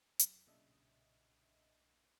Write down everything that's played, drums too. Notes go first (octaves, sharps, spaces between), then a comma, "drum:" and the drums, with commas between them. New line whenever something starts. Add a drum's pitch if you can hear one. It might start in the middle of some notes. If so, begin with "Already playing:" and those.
F#2, drum: hi-hat
B1 A#2 C#3 D4 D#5 E5